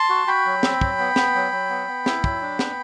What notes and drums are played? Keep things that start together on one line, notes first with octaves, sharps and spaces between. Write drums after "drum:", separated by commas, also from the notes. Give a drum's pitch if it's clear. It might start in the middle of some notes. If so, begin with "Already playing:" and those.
Already playing: A5 C6
F#4
F#4 G5 B5
F#3
C4, drum: snare
F#3, drum: kick
B3
B3, drum: snare
F#3
F#3
B3
B3
E4, drum: snare
F#3, drum: kick
D4
B3, drum: snare